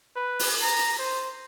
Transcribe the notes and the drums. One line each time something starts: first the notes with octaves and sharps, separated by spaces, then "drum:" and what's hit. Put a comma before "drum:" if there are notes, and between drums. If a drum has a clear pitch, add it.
B4
drum: open hi-hat
A#5
drum: hi-hat
C5